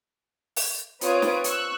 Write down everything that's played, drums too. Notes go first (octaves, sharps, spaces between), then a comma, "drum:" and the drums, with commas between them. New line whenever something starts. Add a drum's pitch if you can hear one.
drum: open hi-hat
C4 F4 B4 C#5 D#6 D7, drum: hi-hat
drum: snare
C#6 E6 F#6, drum: hi-hat